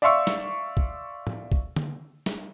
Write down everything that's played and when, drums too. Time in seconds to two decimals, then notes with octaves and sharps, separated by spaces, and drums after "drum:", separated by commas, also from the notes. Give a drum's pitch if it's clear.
0.02 D5 E5 F5 C6 C#6 E6
0.27 drum: snare
0.77 drum: kick
1.27 drum: tom
1.52 drum: kick
1.76 drum: tom D3
2.26 drum: snare